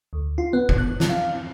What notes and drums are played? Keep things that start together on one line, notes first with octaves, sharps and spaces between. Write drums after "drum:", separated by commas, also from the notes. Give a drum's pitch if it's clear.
D2
F4
B3
drum: kick
F#6
drum: snare
F5